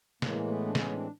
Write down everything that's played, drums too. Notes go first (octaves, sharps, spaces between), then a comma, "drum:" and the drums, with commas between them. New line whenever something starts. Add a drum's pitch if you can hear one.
A2 E3 G#3 A#3, drum: snare
A3 B3
D4
B3 C#4, drum: snare
C4 D4